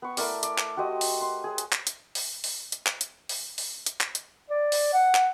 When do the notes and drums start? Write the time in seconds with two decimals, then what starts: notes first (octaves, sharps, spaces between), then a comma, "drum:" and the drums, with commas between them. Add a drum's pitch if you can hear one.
0.02 B3 C#6
0.17 A3 E4 A#4 D5, drum: open hi-hat
0.43 D5, drum: hi-hat
0.58 drum: clap
0.77 F#4 G4 C5 D#5
1.01 drum: open hi-hat
1.21 C6
1.44 G#4 C#5
1.58 drum: hi-hat
1.72 drum: clap
1.87 drum: hi-hat
2.15 drum: open hi-hat
2.44 drum: open hi-hat
2.72 drum: hi-hat
2.87 drum: clap
3.01 drum: hi-hat
3.29 drum: open hi-hat
3.58 drum: open hi-hat
3.86 drum: hi-hat
4.01 drum: clap
4.15 drum: hi-hat
4.50 D5
4.72 drum: open hi-hat
4.93 F#5
5.15 drum: clap